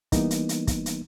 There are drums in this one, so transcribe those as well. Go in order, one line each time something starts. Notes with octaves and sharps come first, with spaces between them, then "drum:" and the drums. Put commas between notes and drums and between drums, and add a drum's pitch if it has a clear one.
E3 G3 A#3 B3 D#4, drum: kick, hi-hat
drum: hi-hat
drum: hi-hat
drum: kick, hi-hat
drum: hi-hat